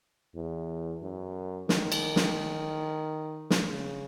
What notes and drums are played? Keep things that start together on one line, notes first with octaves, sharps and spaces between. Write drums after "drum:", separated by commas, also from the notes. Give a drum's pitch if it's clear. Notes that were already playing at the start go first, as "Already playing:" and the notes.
E2
F#2
D#3, drum: snare
drum: cymbal
drum: snare
drum: snare
C#3